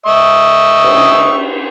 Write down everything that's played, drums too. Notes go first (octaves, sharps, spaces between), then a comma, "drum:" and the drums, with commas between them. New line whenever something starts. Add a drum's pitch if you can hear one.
D#5 E5 C#6
drum: cymbal